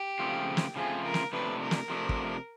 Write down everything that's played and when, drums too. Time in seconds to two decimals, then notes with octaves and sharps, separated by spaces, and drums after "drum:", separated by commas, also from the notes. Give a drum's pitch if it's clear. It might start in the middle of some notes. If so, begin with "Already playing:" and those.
Already playing: G4
0.19 C#3 F3 A3 C4 F4
0.57 drum: snare
0.76 C#3 F3 A3 C4 F4 G#4
1.04 A#4
1.14 drum: snare
1.33 C3 F3 A3 D4 B4
1.61 A#4
1.71 drum: snare
1.90 C3 F3 A3 D4
2.09 drum: kick